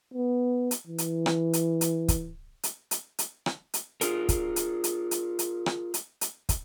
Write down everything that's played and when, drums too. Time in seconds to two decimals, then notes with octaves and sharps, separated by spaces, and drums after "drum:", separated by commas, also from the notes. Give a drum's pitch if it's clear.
0.14 B3
0.71 drum: hi-hat
0.87 E3
0.98 drum: hi-hat
1.26 drum: rim click
1.53 drum: hi-hat
1.81 drum: hi-hat
2.08 drum: kick, hi-hat
2.63 drum: hi-hat
2.91 drum: hi-hat
3.19 drum: hi-hat
3.46 drum: rim click
3.74 drum: hi-hat
4.01 F4 G#4 A#4, drum: hi-hat
4.29 drum: kick, hi-hat
4.56 drum: hi-hat
4.84 drum: hi-hat
5.11 drum: hi-hat
5.39 drum: hi-hat
5.66 drum: rim click
5.94 drum: hi-hat
6.21 drum: hi-hat
6.49 drum: kick, hi-hat